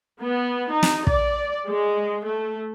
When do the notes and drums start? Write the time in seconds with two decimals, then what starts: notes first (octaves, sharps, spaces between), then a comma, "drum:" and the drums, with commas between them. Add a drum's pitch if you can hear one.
0.20 B3
0.70 D#4
0.83 drum: snare
1.07 D5, drum: kick
1.68 G#3
2.24 A3